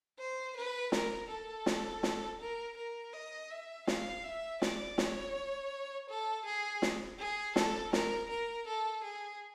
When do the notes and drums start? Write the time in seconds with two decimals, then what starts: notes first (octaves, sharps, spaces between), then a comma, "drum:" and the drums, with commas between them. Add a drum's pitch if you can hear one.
0.19 C5
0.56 B4
0.92 A#4, drum: snare
1.29 A4
1.66 drum: snare
2.03 drum: snare
2.40 A#4
2.77 A#4
3.13 D#5
3.50 E5
3.87 F5, drum: snare
4.24 E5
4.62 D5, drum: snare
4.98 C#5, drum: snare
6.09 A4
6.45 G#4
6.82 drum: snare
7.19 G#4
7.56 A4, drum: snare
7.93 A#4, drum: snare
8.29 A#4
8.67 A4
9.04 G#4